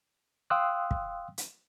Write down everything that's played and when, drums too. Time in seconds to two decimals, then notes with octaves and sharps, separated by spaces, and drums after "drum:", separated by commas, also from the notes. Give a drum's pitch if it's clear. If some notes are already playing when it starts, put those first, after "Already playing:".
0.50 F5 G5 C6 D#6 E6 F#6
0.91 drum: kick
1.38 drum: hi-hat